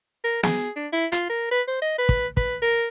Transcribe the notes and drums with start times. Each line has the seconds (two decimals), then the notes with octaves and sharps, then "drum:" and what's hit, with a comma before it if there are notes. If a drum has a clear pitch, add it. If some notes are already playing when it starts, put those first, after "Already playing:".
0.24 A#4
0.43 G#4, drum: snare
0.76 D4
0.92 E4
1.12 F4, drum: hi-hat
1.29 A#4
1.51 B4
1.68 C5
1.82 D#5
1.98 B4
2.09 drum: kick
2.37 B4, drum: kick
2.62 A#4